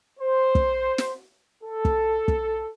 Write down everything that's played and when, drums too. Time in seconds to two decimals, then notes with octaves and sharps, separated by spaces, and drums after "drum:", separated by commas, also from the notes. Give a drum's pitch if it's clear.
0.20 C5
0.55 drum: kick
0.98 drum: snare
1.63 A4
1.85 drum: kick
2.28 drum: kick